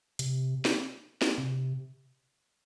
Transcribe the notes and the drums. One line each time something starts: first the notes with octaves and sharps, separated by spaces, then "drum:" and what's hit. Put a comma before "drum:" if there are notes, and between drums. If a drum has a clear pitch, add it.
C3, drum: hi-hat
drum: snare
drum: snare
C3